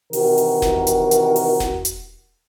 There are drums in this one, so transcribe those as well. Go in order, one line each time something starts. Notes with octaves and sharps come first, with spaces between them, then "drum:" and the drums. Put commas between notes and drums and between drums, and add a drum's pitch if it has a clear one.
C3 D#3 E3 F#4 A#4, drum: open hi-hat
drum: open hi-hat
drum: snare E1
drum: hi-hat
drum: hi-hat
drum: open hi-hat
drum: snare E1
drum: hi-hat